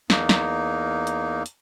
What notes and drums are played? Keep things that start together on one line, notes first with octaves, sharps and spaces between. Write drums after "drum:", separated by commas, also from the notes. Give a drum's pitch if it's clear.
E2 A#3 D#4, drum: snare
drum: snare
drum: hi-hat
drum: hi-hat